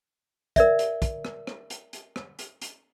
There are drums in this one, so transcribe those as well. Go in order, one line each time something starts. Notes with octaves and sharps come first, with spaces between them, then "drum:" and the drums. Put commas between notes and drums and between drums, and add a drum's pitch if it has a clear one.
A#4 D5 E5, drum: kick, hi-hat
drum: hi-hat
drum: kick, hi-hat
drum: rim click
drum: rim click
drum: hi-hat
drum: hi-hat
drum: rim click
drum: hi-hat
drum: hi-hat